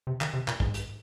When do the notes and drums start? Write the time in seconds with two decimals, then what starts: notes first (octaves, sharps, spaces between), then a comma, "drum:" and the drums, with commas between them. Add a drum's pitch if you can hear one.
0.07 C3
0.21 D#3, drum: clap
0.33 C3
0.48 A#2, drum: clap
0.60 G#2, drum: kick
0.74 drum: hi-hat